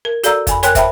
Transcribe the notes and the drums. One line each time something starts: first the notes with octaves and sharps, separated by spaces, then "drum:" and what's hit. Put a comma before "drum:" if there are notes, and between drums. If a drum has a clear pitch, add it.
A#4
F#4 A4 D5 F5 A#5 E6, drum: hi-hat
F2 G#5 B5, drum: kick, hi-hat
A#4 C#5 G5 G#5 C6 F#6, drum: hi-hat
C5 E5 F5 G5 A5 B5, drum: kick, hi-hat